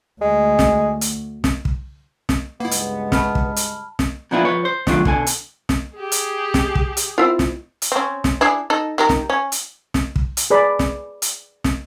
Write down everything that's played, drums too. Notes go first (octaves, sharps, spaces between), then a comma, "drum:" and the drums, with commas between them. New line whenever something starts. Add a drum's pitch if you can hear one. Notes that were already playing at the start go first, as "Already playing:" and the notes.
D2 G#3
drum: snare
drum: hi-hat
drum: snare
drum: kick
drum: snare
C#2 G2 G#3 A#3 B3 E4
drum: hi-hat
D3 A3 A5 B5 F6, drum: snare
drum: kick
drum: hi-hat
drum: snare
A#2 F3 B3 D4 E4 F4
F3 B4 C#5
C5
D#3 F#3 G3 A3 D4 F4, drum: snare
B2 D3 G#5, drum: kick
drum: hi-hat
drum: snare
G4 G#4
drum: hi-hat
drum: snare
drum: kick
drum: hi-hat
C4 E4 F4
drum: snare
drum: hi-hat
C4 C#4
drum: snare
D4 E4 G#4
D#4 A4
D#3 G4 A#4
drum: snare
C#4
drum: hi-hat
drum: snare
drum: kick
drum: hi-hat
G#4 B4 D5 B5
drum: snare
drum: hi-hat
drum: snare